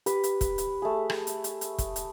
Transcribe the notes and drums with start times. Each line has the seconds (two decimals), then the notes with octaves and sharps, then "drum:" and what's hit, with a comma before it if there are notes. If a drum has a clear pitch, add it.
0.06 G4 B4, drum: hi-hat
0.23 drum: hi-hat
0.41 drum: kick, hi-hat
0.58 drum: hi-hat
0.82 A3 G#4
1.10 drum: rim click
1.27 drum: hi-hat
1.44 drum: hi-hat
1.61 drum: hi-hat
1.78 drum: kick, hi-hat
1.96 drum: hi-hat